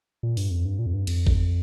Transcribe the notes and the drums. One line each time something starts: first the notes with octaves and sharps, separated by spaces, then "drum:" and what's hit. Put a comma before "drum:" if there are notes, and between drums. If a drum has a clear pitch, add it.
A#2
G2, drum: open hi-hat
F2
G2
A#2
F2
G2
F2, drum: cymbal
drum: kick